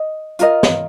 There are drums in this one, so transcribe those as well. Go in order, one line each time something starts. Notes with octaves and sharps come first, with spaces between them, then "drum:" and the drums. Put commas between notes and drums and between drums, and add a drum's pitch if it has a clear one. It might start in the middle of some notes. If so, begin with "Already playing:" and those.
Already playing: D#5
F4 A#4 D#5, drum: hi-hat
drum: snare